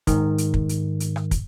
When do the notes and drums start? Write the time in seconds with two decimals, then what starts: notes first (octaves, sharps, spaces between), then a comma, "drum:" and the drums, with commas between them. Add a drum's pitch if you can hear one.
0.07 G#2 D#3, drum: kick, hi-hat
0.38 drum: hi-hat
0.54 drum: kick
0.69 drum: hi-hat
1.00 drum: hi-hat
1.16 drum: rim click
1.31 drum: kick, hi-hat